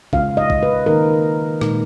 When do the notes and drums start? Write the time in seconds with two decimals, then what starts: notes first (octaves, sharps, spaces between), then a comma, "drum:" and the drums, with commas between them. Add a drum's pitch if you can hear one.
0.13 C#3 G#3 C#4 F4 F5, drum: kick
0.37 D#5
0.50 drum: kick
0.63 B4
0.86 D#3 A#3 D#4 A#4
1.61 A#2 G#3 D#4, drum: rim click